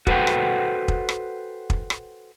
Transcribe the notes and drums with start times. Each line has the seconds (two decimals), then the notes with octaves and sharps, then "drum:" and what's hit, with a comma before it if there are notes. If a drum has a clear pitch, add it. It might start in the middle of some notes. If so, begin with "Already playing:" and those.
0.07 F#4 A4 B4 C5 F#5 G5, drum: kick
0.27 drum: rim click
0.88 drum: kick
1.09 drum: rim click
1.70 drum: kick
1.90 drum: rim click